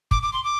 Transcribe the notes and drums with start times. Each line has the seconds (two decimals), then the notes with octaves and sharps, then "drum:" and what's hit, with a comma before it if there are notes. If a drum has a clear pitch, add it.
0.11 D6, drum: kick
0.23 D6
0.33 C6
0.44 D6